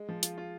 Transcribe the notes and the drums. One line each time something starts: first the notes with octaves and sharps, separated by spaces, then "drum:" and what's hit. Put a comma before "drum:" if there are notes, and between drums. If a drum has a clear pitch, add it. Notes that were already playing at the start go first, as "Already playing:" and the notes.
Already playing: G#3
F3
F4, drum: hi-hat
F4